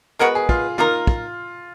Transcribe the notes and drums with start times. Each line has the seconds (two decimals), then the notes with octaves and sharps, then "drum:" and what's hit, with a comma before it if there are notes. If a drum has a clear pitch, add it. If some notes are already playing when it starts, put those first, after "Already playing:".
0.19 G#3 B3 F#4 A#4 B4
0.35 G#4
0.49 F4, drum: kick
0.78 A#3 D#4 F4 A#4, drum: tom
1.07 drum: kick